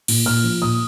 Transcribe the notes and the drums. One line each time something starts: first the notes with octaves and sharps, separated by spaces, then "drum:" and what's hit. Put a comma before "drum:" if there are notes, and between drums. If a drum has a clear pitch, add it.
A#2, drum: cymbal
A#2 F6
F3
A#2 D#6